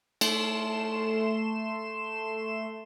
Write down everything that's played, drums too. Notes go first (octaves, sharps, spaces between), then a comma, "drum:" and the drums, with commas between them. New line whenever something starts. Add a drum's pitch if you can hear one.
A3 C6 E7, drum: cymbal